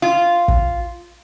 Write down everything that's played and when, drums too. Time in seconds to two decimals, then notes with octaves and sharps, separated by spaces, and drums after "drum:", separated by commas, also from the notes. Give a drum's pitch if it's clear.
0.02 F4
0.48 drum: kick